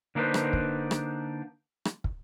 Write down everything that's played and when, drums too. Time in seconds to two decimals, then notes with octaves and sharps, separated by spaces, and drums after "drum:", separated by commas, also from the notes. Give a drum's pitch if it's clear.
0.15 D3 A#3 D4 D#4 B4 C5
0.34 drum: rim click
0.53 drum: kick
0.91 drum: rim click
1.85 drum: rim click
2.04 drum: kick